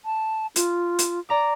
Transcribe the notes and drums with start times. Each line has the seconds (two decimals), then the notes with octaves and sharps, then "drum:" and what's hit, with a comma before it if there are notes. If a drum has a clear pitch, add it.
0.05 A5
0.56 F4, drum: hi-hat
0.99 drum: hi-hat
1.29 D5 A#5 D6